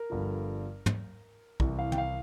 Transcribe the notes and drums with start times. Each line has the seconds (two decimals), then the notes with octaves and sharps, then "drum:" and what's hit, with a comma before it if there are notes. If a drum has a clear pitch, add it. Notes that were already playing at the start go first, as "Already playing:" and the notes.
Already playing: A#4
0.10 G1 G2 D3 F3
0.86 drum: tom
1.60 C2 C3 E3, drum: kick
1.79 F5
1.92 G5, drum: tom
1.98 F5